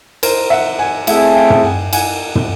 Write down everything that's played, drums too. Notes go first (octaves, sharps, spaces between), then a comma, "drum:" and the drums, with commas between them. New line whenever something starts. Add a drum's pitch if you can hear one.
A#4 C5, drum: cymbal
E5 F#5
F#5 G#5
A3 C4 E4 G#4 E5 F#5, drum: cymbal
F5 G5
drum: tom
F#5 G#5
F#5 G#5, drum: cymbal
drum: tom